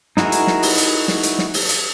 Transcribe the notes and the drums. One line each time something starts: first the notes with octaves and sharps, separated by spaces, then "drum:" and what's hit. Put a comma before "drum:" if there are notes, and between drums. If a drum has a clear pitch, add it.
D#4 E4 F#4 G#4 A#4, drum: snare
drum: hi-hat
drum: snare
drum: open hi-hat
drum: hi-hat
drum: snare
drum: hi-hat
drum: snare
drum: open hi-hat
drum: hi-hat